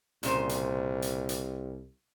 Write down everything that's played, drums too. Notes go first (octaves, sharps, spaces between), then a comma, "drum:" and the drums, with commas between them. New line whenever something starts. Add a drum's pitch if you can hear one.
C2 A#2 C#3 C5, drum: hi-hat
drum: hi-hat
drum: hi-hat
drum: hi-hat